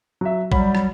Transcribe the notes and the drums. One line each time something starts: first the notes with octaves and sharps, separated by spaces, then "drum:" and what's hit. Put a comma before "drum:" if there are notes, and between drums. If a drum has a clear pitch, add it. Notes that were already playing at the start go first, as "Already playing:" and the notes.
F#3 E5
F#3 G3 B5, drum: kick
drum: rim click